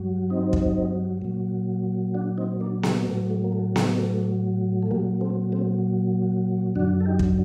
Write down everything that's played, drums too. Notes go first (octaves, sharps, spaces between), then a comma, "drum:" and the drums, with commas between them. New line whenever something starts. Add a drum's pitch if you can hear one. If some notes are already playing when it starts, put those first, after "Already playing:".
Already playing: G2 F#3
C4 D#4
drum: kick
A#2 F#3
D4 F#4
C4 D#4
A#3 D4
G3, drum: snare B3
A2 F#3 A3
A3
A#3
A3
G3, drum: snare B3
A3
A3
A#2 F#3 G3 A#3
A3 C4
A3 C4
F#2 D3 F#3 D4 F#4
A4
D#4 G4
drum: kick